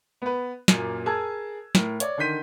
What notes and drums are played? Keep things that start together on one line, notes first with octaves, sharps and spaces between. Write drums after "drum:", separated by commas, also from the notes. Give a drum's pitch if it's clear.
B3 B4
F#2 A#2 A#3 D#7, drum: snare
G#4 A#4 A5 E6 G#6
A2 A#4, drum: snare
C#5 D5, drum: hi-hat
D3 D#3 C6 G6 B6 D#7